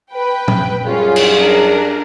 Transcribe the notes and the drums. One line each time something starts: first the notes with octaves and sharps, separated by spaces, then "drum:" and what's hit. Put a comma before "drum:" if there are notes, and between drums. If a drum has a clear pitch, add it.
B4 G5
drum: tom
F#2 G3 C#4 F4 G#4
drum: cymbal
D4 A#4